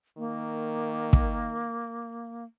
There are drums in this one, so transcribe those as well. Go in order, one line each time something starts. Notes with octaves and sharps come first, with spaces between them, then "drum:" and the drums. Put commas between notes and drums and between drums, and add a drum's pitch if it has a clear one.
D#3 A#3
drum: kick